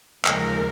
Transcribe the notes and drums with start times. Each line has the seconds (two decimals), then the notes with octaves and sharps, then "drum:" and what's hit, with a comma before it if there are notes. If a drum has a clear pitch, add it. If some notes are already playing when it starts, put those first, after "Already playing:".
0.25 D#2 C#3 F3 G#3 A#4, drum: clap